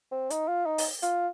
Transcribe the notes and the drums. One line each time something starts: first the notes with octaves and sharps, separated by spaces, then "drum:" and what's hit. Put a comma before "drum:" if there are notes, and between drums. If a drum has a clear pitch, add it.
C4
D#4, drum: hi-hat
F4
D#4
drum: open hi-hat
F4, drum: hi-hat